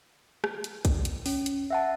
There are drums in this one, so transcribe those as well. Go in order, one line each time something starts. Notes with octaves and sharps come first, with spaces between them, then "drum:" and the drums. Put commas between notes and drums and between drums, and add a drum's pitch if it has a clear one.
drum: rim click
drum: hi-hat
drum: kick, hi-hat
drum: hi-hat
C#4, drum: open hi-hat
drum: hi-hat
E5 F#5 A5